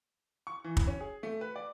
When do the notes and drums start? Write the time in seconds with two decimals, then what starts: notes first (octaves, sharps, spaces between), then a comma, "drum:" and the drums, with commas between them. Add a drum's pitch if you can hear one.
0.47 C#6
0.64 E3
0.77 drum: kick
0.87 C#4
1.01 G#4
1.23 A3
1.41 B4
1.56 D5